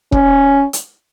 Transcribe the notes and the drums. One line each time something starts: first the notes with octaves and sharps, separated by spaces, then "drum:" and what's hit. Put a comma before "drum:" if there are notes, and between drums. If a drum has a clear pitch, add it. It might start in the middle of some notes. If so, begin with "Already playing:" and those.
C#4, drum: kick E1
drum: hi-hat